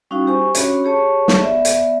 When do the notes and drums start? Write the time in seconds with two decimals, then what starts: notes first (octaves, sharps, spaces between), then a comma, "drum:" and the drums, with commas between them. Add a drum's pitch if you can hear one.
0.11 G3 C#4 D#4 E4 F#4 F5
0.27 G4 C5 G#5 C#6
0.55 C#4 D4 F#4 C#5 B5, drum: hi-hat
0.84 G4 G#4 C#5 A5 C#6
1.28 drum: snare
1.41 B3 D5 E5
1.65 drum: hi-hat